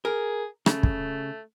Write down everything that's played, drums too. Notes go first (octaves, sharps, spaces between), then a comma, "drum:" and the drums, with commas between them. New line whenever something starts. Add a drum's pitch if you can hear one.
G#4 A#4
C#3 A3, drum: rim click
drum: kick